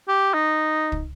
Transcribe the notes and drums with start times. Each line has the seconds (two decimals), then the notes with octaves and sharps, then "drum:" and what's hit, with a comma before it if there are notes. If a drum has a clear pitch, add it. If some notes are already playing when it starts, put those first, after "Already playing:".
0.08 G4
0.34 D#4
0.92 drum: kick